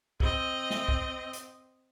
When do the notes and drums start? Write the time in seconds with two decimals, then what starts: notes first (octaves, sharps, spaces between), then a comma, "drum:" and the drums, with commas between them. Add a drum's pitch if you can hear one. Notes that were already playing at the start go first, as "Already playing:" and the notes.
0.20 C4 D#5, drum: kick
0.70 drum: snare
0.88 drum: kick
1.33 drum: hi-hat